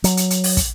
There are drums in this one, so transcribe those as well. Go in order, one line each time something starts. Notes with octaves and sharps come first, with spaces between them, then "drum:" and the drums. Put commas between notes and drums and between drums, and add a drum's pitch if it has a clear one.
F#3, drum: hi-hat
drum: hi-hat
drum: hi-hat
drum: open hi-hat
drum: kick, hi-hat